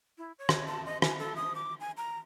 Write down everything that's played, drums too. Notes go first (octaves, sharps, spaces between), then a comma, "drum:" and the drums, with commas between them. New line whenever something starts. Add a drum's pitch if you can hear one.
E4
C#5
drum: rim click
A5
D#5
G#5, drum: rim click
A4
D#6
D6
G#5
A#5